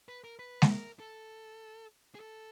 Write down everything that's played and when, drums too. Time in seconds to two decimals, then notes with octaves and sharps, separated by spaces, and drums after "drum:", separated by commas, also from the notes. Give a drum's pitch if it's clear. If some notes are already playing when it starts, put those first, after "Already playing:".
0.09 B4
0.24 A#4
0.39 B4
0.62 A4, drum: snare G#3
0.69 A#4
1.00 A4
2.15 G#4
2.20 A4